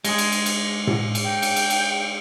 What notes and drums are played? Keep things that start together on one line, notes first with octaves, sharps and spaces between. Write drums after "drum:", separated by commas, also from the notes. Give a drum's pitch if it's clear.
G#3 G#4, drum: cymbal
drum: cymbal
drum: cymbal
drum: cymbal
drum: tom A2
drum: cymbal
G5
drum: cymbal
drum: cymbal
drum: cymbal